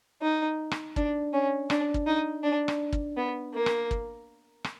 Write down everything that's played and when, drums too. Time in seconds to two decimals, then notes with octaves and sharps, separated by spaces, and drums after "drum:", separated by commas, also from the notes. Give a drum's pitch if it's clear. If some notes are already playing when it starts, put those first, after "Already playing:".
0.22 D#4
0.71 drum: rim click
0.96 D4, drum: kick
1.33 C#4
1.70 D4, drum: rim click
1.94 drum: kick
2.07 D#4
2.43 D4
2.68 drum: rim click
2.93 drum: kick
3.17 B3
3.54 A#3
3.66 drum: rim click
3.91 drum: kick
4.64 drum: rim click